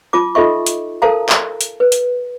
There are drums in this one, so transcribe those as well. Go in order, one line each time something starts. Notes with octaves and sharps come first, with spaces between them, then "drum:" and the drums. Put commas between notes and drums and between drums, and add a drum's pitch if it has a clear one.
F4 A5 D6
D#4 F4 A4 D#5 E5 C#6
drum: hi-hat
A4 A#4 C5 F5 A5 A#5
drum: clap
drum: hi-hat
B4
drum: hi-hat